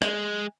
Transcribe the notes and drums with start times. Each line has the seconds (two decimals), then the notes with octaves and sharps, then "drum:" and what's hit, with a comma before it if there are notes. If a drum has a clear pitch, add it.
0.02 G#3, drum: rim click